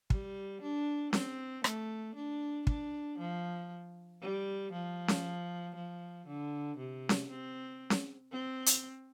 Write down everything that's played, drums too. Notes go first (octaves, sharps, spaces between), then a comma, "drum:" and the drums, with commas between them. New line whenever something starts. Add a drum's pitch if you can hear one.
G3, drum: kick
D4
C4, drum: snare C#4
A3, drum: rim click
D4
D4, drum: kick
F3
G3
F3
drum: snare C#4
F3
D3
C3
drum: snare C#4
C4
drum: snare C#4
C4
drum: hi-hat